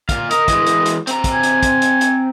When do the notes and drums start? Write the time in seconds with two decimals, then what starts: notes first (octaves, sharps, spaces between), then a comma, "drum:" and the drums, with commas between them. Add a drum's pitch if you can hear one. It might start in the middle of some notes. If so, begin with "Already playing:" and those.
0.09 A#2 F5, drum: kick, hi-hat
0.31 A#4 D#5, drum: hi-hat
0.48 E3 G#3, drum: kick, hi-hat
0.66 drum: hi-hat
0.86 drum: hi-hat
1.07 C4 A#5, drum: hi-hat
1.24 drum: kick, hi-hat
1.33 G#5
1.43 drum: hi-hat
1.63 drum: kick, hi-hat
1.82 drum: hi-hat
2.01 drum: hi-hat